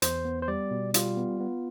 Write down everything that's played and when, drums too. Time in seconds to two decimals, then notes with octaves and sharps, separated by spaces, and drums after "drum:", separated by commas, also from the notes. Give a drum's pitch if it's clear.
0.02 E2 C5, drum: hi-hat
0.25 B3
0.42 C5
0.48 G3 D5
0.71 B2
0.94 G3 F4, drum: hi-hat
1.17 B3
1.40 B3